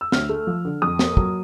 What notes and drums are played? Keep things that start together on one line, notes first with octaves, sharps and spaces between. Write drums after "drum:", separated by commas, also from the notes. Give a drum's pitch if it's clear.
E6
D2 F6, drum: snare
A3
F3
D3
F2 D#6
A#3, drum: snare
F#3, drum: kick